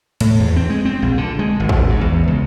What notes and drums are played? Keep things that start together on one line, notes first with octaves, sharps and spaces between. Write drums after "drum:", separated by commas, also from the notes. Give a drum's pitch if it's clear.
A2, drum: cymbal
E2
C4
G#3
C4
A#1
D3
G#3
G#1
drum: kick
G#2
E2
C#2